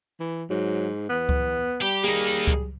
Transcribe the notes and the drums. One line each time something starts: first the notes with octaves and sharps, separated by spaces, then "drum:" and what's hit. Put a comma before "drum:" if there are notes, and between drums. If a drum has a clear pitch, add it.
E3
G#2 F#3
E2 B3
drum: kick C#2
G3 G4
A#3 D#4 G#4
drum: kick C#2